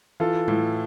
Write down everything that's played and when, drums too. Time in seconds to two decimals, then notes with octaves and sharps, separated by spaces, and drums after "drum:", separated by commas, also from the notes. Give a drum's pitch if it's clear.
0.20 E3 F4 A4
0.48 A2, drum: tom G3